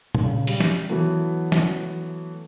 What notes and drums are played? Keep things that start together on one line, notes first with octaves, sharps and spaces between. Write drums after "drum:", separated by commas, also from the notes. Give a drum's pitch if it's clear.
drum: tom A#2
C#3
G3, drum: open hi-hat
drum: snare
E3 F#3 A3 B3
drum: snare